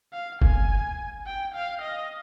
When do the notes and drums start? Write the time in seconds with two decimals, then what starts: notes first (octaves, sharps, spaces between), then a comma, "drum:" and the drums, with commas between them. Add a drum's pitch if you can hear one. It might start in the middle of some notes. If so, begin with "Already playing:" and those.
0.13 F5
0.42 G#5, drum: kick F#1
1.26 G5
1.55 F5
1.82 D#5